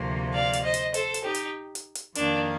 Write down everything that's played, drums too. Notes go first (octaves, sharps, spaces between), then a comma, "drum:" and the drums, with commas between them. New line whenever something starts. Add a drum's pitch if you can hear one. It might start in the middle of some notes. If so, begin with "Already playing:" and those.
Already playing: D2 C3 F3 A#3
D5 F5
drum: hi-hat
C5 D#5
drum: hi-hat
A4 C5, drum: hi-hat
drum: hi-hat
D#4 G4
drum: hi-hat
drum: hi-hat
drum: hi-hat
F2 D#3 A#3 D4, drum: hi-hat